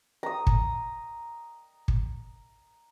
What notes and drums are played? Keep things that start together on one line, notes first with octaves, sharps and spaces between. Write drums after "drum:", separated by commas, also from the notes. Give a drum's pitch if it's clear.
A#5 D#6
drum: kick
drum: kick